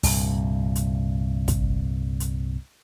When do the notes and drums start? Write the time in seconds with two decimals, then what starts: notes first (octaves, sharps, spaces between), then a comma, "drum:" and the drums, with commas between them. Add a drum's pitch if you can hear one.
0.03 C2 G2 A#2, drum: open hi-hat
0.75 drum: hi-hat
1.48 drum: kick, hi-hat
2.20 drum: hi-hat